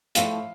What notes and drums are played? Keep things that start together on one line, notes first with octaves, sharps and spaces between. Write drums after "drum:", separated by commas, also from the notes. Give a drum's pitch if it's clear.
A2 F3 A3 F5, drum: hi-hat